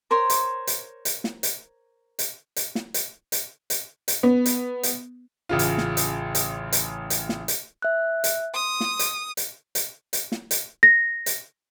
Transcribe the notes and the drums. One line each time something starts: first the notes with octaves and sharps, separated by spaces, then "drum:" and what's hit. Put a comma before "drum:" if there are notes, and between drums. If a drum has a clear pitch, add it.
A#4 C5 C#5 C6
drum: hi-hat
drum: hi-hat
drum: hi-hat
drum: snare
drum: hi-hat
drum: hi-hat
drum: hi-hat
drum: snare
drum: hi-hat
drum: hi-hat
drum: hi-hat
drum: hi-hat
B3
drum: hi-hat
drum: hi-hat
A1 C#3 F4
drum: hi-hat
drum: snare
drum: hi-hat
drum: hi-hat
drum: hi-hat
drum: hi-hat
drum: snare
drum: hi-hat
E5 F#6
drum: hi-hat
C6 D#6
drum: snare
drum: hi-hat
drum: hi-hat
drum: hi-hat
drum: hi-hat
drum: snare
drum: hi-hat
A#6
drum: hi-hat